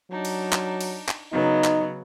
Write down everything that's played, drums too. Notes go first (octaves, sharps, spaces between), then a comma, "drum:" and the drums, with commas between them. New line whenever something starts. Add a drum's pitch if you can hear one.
F#3 D4 D#4
drum: cymbal
drum: clap
drum: cymbal
drum: clap
C#3 F#3 B3 D#4
drum: clap